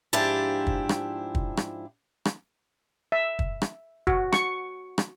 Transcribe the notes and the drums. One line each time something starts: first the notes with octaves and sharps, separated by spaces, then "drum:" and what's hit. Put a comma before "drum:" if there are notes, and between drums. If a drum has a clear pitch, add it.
G#2 F3 D4 E4 G4 A5
drum: kick
drum: rim click
drum: kick
drum: rim click
drum: rim click
E5
drum: kick
drum: rim click
F#4, drum: kick
C#6, drum: rim click
drum: rim click